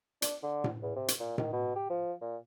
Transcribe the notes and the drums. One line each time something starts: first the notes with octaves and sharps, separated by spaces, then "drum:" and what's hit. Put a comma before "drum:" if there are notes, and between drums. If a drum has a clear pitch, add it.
D4, drum: hi-hat
D3
drum: tom A2
E2
C3
drum: hi-hat
A#2
D#3, drum: tom A2
B2
G4
F3
A#2